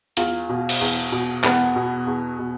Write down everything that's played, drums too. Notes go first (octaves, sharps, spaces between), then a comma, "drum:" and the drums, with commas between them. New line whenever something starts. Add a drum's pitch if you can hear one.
E2 F4, drum: hi-hat
B2
drum: cymbal
E2
B2
E2 B3, drum: clap
B2
E2
B2